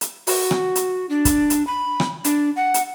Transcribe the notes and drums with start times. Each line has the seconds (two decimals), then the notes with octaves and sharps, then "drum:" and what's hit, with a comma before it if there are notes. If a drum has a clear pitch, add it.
0.01 drum: hi-hat
0.27 F#4, drum: open hi-hat
0.51 drum: rim click
0.76 drum: hi-hat
1.09 D4
1.25 drum: kick, hi-hat
1.50 drum: hi-hat
1.67 B5
2.00 drum: rim click
2.24 D4, drum: hi-hat
2.56 F#5
2.74 drum: hi-hat